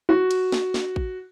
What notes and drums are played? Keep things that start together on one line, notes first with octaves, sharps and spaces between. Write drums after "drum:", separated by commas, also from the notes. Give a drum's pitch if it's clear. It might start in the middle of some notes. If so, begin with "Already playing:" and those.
F#4
drum: cymbal
drum: snare
drum: snare
drum: kick A1